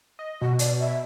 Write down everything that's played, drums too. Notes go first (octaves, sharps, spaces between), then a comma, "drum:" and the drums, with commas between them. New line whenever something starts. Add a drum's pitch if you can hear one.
D#5
B2 F#4
D5, drum: hi-hat
E5